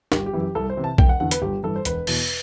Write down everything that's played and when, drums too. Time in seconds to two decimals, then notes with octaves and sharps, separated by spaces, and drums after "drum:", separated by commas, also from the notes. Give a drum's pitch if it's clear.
0.12 G1 G4, drum: snare
0.26 G4
0.33 F#2 E3
0.41 G4
0.55 C2 A4
0.70 C5
0.77 C3 E3
0.84 A5
0.98 E1 G5, drum: kick B1
1.09 F#5
1.20 E2 D3 F#5
1.31 B4, drum: hi-hat
1.42 G1 G4
1.63 G2 E3 A4
1.76 C5
1.85 E1 B4, drum: hi-hat
2.07 E2 B2, drum: cymbal